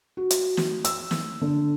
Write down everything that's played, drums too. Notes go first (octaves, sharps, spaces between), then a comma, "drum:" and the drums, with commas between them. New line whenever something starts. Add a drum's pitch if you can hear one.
F#4
drum: hi-hat
drum: snare
E6, drum: hi-hat
drum: snare
D3